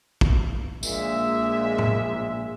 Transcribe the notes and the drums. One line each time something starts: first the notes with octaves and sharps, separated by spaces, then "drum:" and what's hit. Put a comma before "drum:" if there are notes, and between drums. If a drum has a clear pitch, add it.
drum: kick
A#1 A#2 G#3 E5, drum: tambourine
drum: tom A2